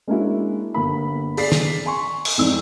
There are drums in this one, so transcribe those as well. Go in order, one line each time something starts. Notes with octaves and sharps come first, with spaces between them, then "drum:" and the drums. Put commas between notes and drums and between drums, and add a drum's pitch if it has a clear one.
G#3 A#3 C#4 D4 E4 F#4
G1 A#3 B5
G#4 D5 B6 C7, drum: open hi-hat
drum: snare
G#5 C6 C#6
drum: cymbal
F2 G#2 E3 C4 D5 E6